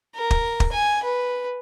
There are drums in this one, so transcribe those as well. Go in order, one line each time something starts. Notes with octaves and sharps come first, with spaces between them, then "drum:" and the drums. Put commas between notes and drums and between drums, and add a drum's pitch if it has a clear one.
A#4
drum: kick
drum: kick
G#5
B4